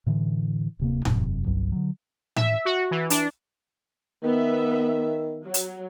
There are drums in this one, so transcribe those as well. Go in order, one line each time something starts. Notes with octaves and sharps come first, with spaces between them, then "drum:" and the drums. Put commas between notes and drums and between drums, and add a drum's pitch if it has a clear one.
A2 D3 E3
D1 C3 A#3
E1 F#2 C3, drum: tom A2
G1 C2 G2 F#3
D3 F#3
E5, drum: tom A2
F#4
E3
D4, drum: hi-hat
D#3 B3 E5
F#3
drum: hi-hat